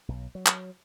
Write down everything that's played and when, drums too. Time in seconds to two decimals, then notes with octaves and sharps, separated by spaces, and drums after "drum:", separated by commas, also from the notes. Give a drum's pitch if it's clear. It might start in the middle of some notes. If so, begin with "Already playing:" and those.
0.08 B1
0.35 F#3
0.46 drum: clap